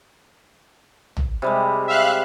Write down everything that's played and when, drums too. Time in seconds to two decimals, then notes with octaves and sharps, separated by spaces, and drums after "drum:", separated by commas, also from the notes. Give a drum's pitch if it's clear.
1.17 drum: tom A#1
1.42 C3 G3 G#3
1.88 E5 F5 F#6